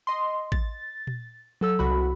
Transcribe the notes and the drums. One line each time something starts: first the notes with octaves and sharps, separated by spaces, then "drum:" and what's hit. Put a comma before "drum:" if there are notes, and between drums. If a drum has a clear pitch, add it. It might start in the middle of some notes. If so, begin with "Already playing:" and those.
D#5 C6
A6, drum: kick A1
drum: tom A#2
F#3 A4 E6
C2 F#4 B5, drum: tom C3